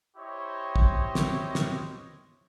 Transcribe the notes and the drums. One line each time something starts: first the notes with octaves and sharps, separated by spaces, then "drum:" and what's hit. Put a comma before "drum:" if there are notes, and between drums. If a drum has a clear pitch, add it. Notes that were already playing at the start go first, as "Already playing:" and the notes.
E4 G4 C5 C#5 D#5
drum: kick
drum: snare
drum: snare